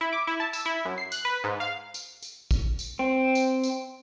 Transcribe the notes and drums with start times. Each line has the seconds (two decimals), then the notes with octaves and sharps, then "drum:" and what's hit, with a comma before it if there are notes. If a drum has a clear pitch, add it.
0.01 E4
0.13 D6
0.27 E4
0.40 A5
0.53 E6, drum: tambourine
0.66 E4
0.85 F#2
0.98 C7
1.12 F#6, drum: tambourine
1.25 B4
1.44 G#2
1.60 F5
1.94 drum: tambourine
2.22 drum: tambourine
2.51 drum: kick, tambourine
2.79 drum: tambourine
2.99 C4
3.35 drum: tambourine
3.63 drum: tambourine